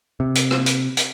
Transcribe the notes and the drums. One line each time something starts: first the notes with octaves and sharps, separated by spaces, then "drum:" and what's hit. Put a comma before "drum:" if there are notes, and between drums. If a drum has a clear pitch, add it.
C3
drum: hi-hat
drum: rim click
drum: hi-hat
drum: hi-hat